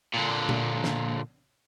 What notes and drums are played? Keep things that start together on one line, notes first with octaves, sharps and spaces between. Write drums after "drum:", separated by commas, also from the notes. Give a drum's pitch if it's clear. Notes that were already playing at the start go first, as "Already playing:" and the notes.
A#2 D3
drum: tom A#2
drum: snare